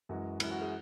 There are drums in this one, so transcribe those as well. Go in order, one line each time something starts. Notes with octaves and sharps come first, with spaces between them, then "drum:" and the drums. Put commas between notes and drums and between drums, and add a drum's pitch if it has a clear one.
F#2 E3 G#3 F#4
F#2 E3 G#3 E4, drum: cymbal
F#4
G#4